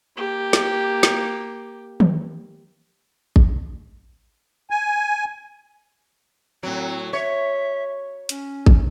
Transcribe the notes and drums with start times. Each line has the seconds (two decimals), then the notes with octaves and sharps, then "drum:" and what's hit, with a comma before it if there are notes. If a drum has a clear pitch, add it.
0.17 A#3 G4
0.53 drum: snare
1.03 drum: snare
2.00 drum: tom D#3
3.36 drum: kick A1
4.70 G#5
6.63 A2 F#3 C4
7.13 C#5 E5
8.29 C#4, drum: hi-hat
8.66 drum: kick A1